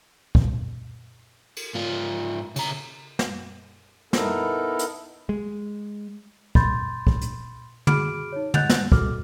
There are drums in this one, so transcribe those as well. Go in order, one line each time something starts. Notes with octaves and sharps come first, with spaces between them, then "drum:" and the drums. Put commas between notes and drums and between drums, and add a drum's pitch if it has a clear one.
drum: kick
drum: cymbal
G#2 F4
C#3 A#5, drum: cymbal
drum: snare
B3 D#4 E4 A4 A#4, drum: snare
drum: hi-hat
G#3
B5 C6 G6 A6, drum: kick
drum: kick
drum: hi-hat
F#4 G#4 B5 D6 F6 D7, drum: tom
D#4 C#5
D#5 F#5 F#6 G6 A6 F7, drum: tom
drum: snare
F#4 A4 D6 F6, drum: kick